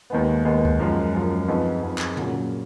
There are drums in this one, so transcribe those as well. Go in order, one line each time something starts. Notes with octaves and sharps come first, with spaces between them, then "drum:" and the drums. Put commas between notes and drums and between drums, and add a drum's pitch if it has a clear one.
D#2 D#3 G#3 B3
D#2 D#3 G#3 B3
drum: kick C#2
F#2 F3 G#3
F#2 F3 G#3
F2 F3 B3 D#4 G#4
F2 F3 B3 D#4 G#4
drum: clap
A#2 F#3 A#3 C#4 G#4, drum: tom